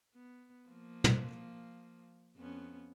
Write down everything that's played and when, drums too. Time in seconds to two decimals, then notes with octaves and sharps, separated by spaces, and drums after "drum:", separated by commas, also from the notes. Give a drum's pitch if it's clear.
0.14 B3
0.68 F3 A#3
1.04 drum: tom
2.37 F2 B3 C#4